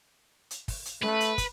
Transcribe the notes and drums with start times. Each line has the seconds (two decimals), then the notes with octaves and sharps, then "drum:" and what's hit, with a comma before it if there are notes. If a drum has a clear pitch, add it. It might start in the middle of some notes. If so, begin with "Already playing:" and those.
0.51 drum: hi-hat
0.68 drum: kick, open hi-hat
0.85 drum: hi-hat
1.03 A3 B4, drum: snare C#4
1.20 drum: hi-hat
1.38 drum: kick, hi-hat